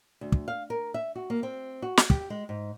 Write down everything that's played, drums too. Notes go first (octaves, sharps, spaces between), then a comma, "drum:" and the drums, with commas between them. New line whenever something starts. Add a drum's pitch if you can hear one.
D2
drum: kick
F5
A#4
E5
F#4
A#3
C4
F#4
drum: snare
G4, drum: kick
G#3
G#2